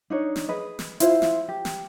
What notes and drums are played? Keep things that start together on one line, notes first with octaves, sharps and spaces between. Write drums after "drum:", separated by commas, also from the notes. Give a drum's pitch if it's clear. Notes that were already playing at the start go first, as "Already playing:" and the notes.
D4 D#4 C#5
drum: snare
G#4 B4 D#5
drum: snare
E4 F4 C5, drum: hi-hat
drum: snare
G4
drum: snare